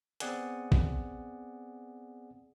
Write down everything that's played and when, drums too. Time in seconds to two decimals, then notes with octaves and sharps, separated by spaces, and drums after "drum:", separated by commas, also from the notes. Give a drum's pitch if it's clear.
0.20 B3 C4 G#4 D5 F#5 G#5, drum: hi-hat
0.72 drum: kick A1